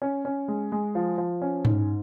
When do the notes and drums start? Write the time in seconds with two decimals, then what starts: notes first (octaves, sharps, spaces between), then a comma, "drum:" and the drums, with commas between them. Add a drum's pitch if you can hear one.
0.02 C#4
0.25 C#4
0.48 G#3
0.72 G#3
0.95 F3
1.18 F3
1.42 C#4
1.65 G#2, drum: tom G#2